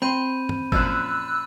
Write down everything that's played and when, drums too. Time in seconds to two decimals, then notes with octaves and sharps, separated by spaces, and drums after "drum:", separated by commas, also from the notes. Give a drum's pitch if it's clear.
0.02 C4 G5 B5 C6 G6 D#7
0.49 drum: tom
0.72 F#2 A#2 F3 E6 F#6 A6, drum: kick G#1